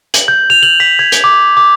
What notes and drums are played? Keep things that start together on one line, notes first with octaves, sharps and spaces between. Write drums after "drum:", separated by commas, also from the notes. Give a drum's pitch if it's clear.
F#7, drum: hi-hat
G6
F7
F#7
B6
G#6
drum: hi-hat
D6
D6